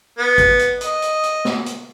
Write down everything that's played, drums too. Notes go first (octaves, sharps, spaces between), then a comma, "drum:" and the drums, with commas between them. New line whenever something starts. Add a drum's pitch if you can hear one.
B3
drum: kick, hi-hat
drum: hi-hat
D#5, drum: hi-hat
drum: hi-hat
drum: hi-hat
drum: snare
drum: hi-hat